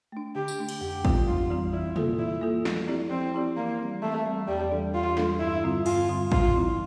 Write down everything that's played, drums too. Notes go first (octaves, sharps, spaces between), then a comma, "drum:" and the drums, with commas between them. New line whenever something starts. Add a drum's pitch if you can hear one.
A3 D4
D3 G4
drum: tambourine
A3 D4
drum: cymbal
F2 G4
E3 G3 C4 F4, drum: kick A1
F2 F4
E3 G3 C4 F4
E3 E4
A#3 F4 A4, drum: tom
E3 E4
A#3 F4 A4
F3, drum: snare
C4 E4 G4 D5
F3 C4
C4 E4 G4 D5
E3 A#3
G3 C4
E3 A3
G3 C4
E2 G3
E3 G3 D4 A4
E2 F4
E3 G3 D4 A4, drum: snare
G2 E4
D3 G3 C4 F4
G2 F4, drum: cymbal
D3 G3 C4 F4
A2 F4, drum: kick A1
F3 C4 E4